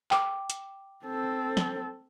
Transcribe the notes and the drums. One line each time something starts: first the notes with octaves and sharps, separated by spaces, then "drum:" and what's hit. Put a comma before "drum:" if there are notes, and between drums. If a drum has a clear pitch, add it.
G5 D6, drum: clap
drum: hi-hat
C4 A4
drum: snare